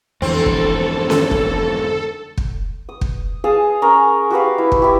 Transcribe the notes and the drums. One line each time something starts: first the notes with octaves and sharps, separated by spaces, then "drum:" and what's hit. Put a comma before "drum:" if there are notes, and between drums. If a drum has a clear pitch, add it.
F2 G#2 D3 E3 C4 A4
drum: kick
drum: snare C#4
drum: kick
drum: kick
D#6
drum: kick
G#4 F5 A5 D#6
C#4 A#4 A#5
F#4 G4 B4 F5
E4
drum: kick
E4 G4